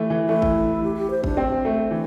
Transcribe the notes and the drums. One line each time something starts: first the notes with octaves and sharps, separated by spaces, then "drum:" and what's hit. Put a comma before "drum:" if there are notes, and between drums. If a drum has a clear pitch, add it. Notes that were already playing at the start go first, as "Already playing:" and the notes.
Already playing: E3 A3
E3
A3 E4
drum: kick G#1
G4
G4
C5
D4, drum: kick G#1
C4
A3
E3 D4